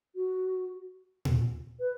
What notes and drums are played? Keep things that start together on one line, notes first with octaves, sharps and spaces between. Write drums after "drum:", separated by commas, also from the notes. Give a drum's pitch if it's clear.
F#4
drum: tom A#2
B4